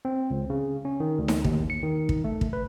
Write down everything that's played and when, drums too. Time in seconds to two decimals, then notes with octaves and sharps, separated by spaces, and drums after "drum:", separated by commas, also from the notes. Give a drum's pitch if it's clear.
0.05 C4
0.31 C#2
0.50 C#3
0.85 C#4
1.00 D#3
1.19 D2
1.28 drum: snare D#4
1.44 D#2, drum: kick
1.70 C#7
1.83 D#3
2.09 drum: kick
2.24 A3
2.41 drum: kick
2.53 B4